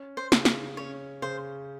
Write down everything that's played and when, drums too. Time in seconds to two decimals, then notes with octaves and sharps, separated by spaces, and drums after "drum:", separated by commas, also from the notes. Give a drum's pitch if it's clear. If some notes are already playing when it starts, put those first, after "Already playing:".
Already playing: C#4
0.17 C5
0.32 C#3, drum: snare
0.45 drum: snare
0.77 C#4 C#5
1.22 C#3 C5